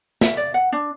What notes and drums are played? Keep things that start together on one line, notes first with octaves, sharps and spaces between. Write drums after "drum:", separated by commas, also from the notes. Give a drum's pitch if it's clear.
E5, drum: snare
D5
F#5
D4